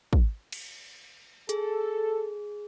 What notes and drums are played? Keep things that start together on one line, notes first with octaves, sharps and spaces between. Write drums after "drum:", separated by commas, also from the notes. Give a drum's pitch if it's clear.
drum: kick
drum: cymbal
G#4 A4, drum: hi-hat